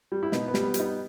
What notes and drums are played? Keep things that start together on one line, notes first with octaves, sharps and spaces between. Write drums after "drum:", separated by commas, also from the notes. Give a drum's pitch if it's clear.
G3
E4
B2 B3 D#4, drum: snare
B3
G3, drum: snare
B3
G3, drum: hi-hat
B3 D#4